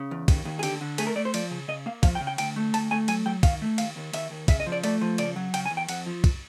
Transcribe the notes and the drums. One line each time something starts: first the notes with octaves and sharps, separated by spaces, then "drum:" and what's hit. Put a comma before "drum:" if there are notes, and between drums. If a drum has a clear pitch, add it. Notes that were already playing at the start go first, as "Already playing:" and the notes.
Already playing: C#3
E2
D#2, drum: kick, cymbal
D#2
G#4
D3 G4, drum: cymbal
D3
A3 G#4, drum: cymbal
A#4
A3 D5
C5
F3 D5, drum: cymbal
C#3
C#3 D#5
A#3 F5
F3 F5, drum: kick, cymbal
G5
C#3
G5
D2 G5, drum: cymbal
A3
D2 A5, drum: cymbal
A3 G#5
F#3 G#5, drum: cymbal
F#3 G5
D#3 F5, drum: kick, cymbal
A3
D#2 F5, drum: cymbal
D#2
D#2 E5, drum: cymbal
D#2
C#3 E5, drum: kick, cymbal
D#5
F3
D5
A3 D5, drum: cymbal
F3
C#3 D5, drum: cymbal
F#3
C#3 G5, drum: cymbal
G#5
E2
G5
F2 F#5, drum: cymbal
F3
drum: kick, cymbal